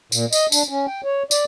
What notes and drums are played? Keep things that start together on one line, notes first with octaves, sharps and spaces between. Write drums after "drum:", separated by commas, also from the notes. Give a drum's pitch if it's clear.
A#2, drum: tambourine
D#5, drum: tambourine
D4, drum: tambourine
C#4
G5
C#5
D5, drum: tambourine